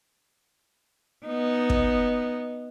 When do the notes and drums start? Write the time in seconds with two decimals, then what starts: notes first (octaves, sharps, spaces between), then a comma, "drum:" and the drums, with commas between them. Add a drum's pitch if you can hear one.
1.27 B3 D#4
1.70 drum: kick